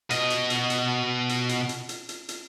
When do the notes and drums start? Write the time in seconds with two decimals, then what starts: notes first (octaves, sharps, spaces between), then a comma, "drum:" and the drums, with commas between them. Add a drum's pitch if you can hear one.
0.10 B2 D#5, drum: hi-hat
0.30 drum: hi-hat
0.50 drum: hi-hat
0.70 drum: hi-hat
1.29 drum: hi-hat
1.49 drum: hi-hat
1.69 drum: hi-hat
1.89 drum: hi-hat
2.09 drum: hi-hat
2.29 drum: hi-hat